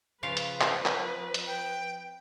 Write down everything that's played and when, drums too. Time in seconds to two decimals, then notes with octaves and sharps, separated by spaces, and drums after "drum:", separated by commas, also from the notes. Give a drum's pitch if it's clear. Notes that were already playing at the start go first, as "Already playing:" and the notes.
0.23 C#3 F3 F4 B4 F5
0.37 drum: hi-hat
0.61 C4, drum: clap
0.86 drum: clap
1.34 drum: hi-hat
1.47 G5